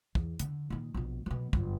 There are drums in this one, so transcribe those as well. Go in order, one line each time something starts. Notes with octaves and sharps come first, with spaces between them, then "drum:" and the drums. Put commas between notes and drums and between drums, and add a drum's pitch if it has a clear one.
E2, drum: kick
D3, drum: hi-hat
A#2 D#3
A#1 B2
B2 F#3
G1 F#2, drum: kick